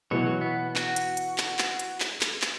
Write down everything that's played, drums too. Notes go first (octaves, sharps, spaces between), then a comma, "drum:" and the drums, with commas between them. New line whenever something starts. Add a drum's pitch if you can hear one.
B2 E3 F#3 C#5
B3
F#4, drum: clap
drum: hi-hat
drum: hi-hat
drum: clap
drum: clap
drum: hi-hat
drum: clap
drum: clap
drum: clap